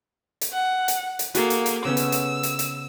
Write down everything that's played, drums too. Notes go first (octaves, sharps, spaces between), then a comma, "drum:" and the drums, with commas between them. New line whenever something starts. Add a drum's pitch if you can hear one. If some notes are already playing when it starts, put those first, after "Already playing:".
drum: hi-hat
F#5
drum: hi-hat
drum: hi-hat
A#3 F#4 G#4 A4, drum: hi-hat
drum: hi-hat
drum: hi-hat
C#3 B3 C#4 E6
drum: hi-hat
drum: hi-hat
drum: hi-hat
drum: hi-hat